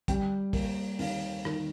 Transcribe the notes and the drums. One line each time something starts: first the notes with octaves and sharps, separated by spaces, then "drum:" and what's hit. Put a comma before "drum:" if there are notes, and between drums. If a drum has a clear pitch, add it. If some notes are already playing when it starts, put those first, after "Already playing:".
G3 G5, drum: kick, hi-hat
A#3, drum: kick, open hi-hat
D#2 F5, drum: open hi-hat
D#3, drum: rim click